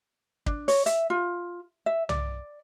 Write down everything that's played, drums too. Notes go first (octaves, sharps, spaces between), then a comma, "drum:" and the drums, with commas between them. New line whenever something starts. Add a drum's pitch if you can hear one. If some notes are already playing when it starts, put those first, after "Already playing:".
D4, drum: kick
C#5, drum: open hi-hat
E5, drum: hi-hat
F4
E5
D5, drum: tom C2